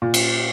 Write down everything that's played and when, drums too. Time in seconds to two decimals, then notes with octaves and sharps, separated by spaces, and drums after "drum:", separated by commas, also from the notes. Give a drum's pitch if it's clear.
0.02 A#2
0.14 drum: cymbal